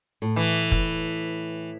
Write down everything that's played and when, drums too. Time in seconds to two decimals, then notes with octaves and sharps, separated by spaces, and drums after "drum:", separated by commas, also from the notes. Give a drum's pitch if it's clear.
0.22 A2
0.36 E3
0.72 drum: kick